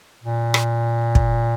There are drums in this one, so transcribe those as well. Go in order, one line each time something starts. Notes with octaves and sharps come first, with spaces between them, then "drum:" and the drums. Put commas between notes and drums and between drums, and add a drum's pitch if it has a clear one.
A#2
drum: rim click
drum: kick